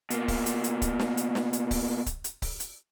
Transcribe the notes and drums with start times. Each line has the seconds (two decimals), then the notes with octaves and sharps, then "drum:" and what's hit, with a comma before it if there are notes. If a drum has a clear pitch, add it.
0.10 B2 A#3, drum: hi-hat
0.28 drum: kick C#1, open hi-hat
0.46 drum: hi-hat
0.64 drum: hi-hat
0.82 drum: kick C#1, hi-hat
0.99 drum: snare
1.17 drum: hi-hat
1.35 drum: snare
1.53 drum: hi-hat
1.71 drum: kick C#1, open hi-hat
2.06 drum: kick C#1, hi-hat
2.24 drum: hi-hat
2.42 drum: kick C#1, open hi-hat
2.60 drum: hi-hat